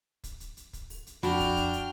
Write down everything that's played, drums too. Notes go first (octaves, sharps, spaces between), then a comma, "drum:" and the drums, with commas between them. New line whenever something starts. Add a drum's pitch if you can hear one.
drum: kick, hi-hat
drum: hi-hat
drum: hi-hat
drum: kick, hi-hat
drum: open hi-hat
drum: hi-hat
F2 D4 F#4 G5 B5 F6, drum: hi-hat
drum: kick, hi-hat
drum: kick, hi-hat
drum: hi-hat